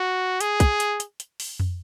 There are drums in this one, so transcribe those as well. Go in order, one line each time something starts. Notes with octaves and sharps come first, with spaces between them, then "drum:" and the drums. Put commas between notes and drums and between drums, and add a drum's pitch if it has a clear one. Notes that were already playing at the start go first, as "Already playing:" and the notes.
Already playing: F#4
G#4, drum: hi-hat
drum: kick, hi-hat
drum: hi-hat
drum: hi-hat
drum: hi-hat
drum: open hi-hat
drum: tom F2